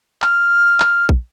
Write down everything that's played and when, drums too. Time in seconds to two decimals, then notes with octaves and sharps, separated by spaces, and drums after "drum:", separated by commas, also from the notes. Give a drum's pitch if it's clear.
0.22 F6, drum: clap
0.80 drum: clap
1.09 drum: kick